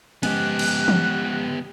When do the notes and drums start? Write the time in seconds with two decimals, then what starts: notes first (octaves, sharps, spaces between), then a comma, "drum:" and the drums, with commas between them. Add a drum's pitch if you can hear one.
0.23 F3 G#3 B3 C#4 G4 F#6, drum: cymbal
0.59 drum: cymbal
0.88 drum: tom E3